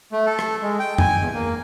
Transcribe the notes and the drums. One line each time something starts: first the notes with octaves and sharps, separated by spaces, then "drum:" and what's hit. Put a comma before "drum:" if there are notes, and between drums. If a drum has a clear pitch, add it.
A3
A4
drum: rim click
G#3
G5
G#5, drum: tom F2
E2
A#3